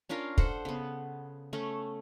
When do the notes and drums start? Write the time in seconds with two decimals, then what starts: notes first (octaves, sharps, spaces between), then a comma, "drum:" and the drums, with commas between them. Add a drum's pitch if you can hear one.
0.09 C#4 D4 F4 A#4
0.38 A4 C5 F#5, drum: kick
0.65 C#3 B3
1.53 A3 C#4 A4